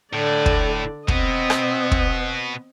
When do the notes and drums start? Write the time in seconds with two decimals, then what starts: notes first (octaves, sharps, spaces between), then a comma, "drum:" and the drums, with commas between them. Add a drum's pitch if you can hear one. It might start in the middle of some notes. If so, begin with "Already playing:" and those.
0.13 A2 D3 D5
0.46 drum: kick
1.08 B2 B3 C4 D#5, drum: kick
1.50 drum: rim click
1.91 drum: kick